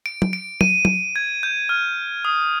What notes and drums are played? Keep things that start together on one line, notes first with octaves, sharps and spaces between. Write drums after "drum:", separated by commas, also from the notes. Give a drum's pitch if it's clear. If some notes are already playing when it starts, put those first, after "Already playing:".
D7
drum: tom
D7
D#7, drum: tom
drum: tom
G#6
G6
F6
D#6